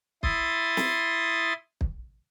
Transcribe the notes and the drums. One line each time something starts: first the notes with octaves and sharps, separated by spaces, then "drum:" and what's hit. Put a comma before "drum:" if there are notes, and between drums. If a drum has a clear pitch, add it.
E4 C6 D#6 A6, drum: kick
drum: snare
drum: kick